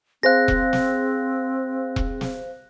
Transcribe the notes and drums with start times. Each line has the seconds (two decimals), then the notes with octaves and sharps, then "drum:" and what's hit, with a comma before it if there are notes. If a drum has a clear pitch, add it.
0.23 C4 G#4 C5 F5 F#6 A#6
0.48 drum: kick E1
0.73 drum: snare
1.96 drum: kick E1
2.21 drum: snare